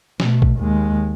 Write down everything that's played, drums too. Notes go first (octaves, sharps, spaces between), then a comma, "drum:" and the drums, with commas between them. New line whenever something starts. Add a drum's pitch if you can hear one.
B2 A3, drum: snare
drum: kick A1
D#2 G#3